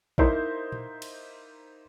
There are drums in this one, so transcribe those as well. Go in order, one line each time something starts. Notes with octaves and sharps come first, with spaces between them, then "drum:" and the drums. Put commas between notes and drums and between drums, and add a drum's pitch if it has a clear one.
A#3 D#4 E4 C5, drum: kick
drum: tom A#2
drum: cymbal